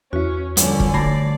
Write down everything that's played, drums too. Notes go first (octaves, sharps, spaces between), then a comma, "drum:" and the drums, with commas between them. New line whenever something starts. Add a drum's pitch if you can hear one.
E2 C#4 E4 F#4
G2 D3 F3 C#4 D5, drum: hi-hat
drum: kick
D2 D5 A5 B5 A#6 C7